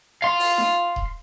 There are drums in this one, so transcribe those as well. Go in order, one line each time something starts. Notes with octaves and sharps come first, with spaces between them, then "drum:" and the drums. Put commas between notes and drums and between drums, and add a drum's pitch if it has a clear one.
F5 C6
drum: open hi-hat
drum: snare D#4
drum: kick D#1